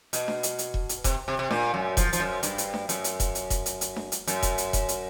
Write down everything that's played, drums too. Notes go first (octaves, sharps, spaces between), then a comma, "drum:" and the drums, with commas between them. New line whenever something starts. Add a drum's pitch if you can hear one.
B2, drum: hi-hat
drum: snare D4
drum: hi-hat
drum: hi-hat
drum: kick E1
drum: hi-hat
C3, drum: kick E1, hi-hat
C3
C3
A#2, drum: snare D4
F#2
F3, drum: kick E1, hi-hat
F3, drum: hi-hat
F#2
G2, drum: hi-hat
drum: hi-hat
drum: snare D4
F#2, drum: hi-hat
drum: hi-hat
drum: kick E1, hi-hat
drum: hi-hat
drum: kick E1, hi-hat
drum: hi-hat
drum: hi-hat
drum: snare D4
drum: hi-hat
F#2, drum: hi-hat
drum: kick E1, hi-hat
drum: hi-hat
drum: kick E1, hi-hat
drum: hi-hat